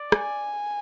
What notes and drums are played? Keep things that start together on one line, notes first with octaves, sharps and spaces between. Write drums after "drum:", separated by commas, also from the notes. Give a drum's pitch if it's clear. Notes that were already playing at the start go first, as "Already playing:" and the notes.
Already playing: D5
G#5, drum: rim click